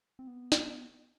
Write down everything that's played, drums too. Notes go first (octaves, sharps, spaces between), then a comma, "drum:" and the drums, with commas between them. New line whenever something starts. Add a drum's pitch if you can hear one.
C4
B3
drum: snare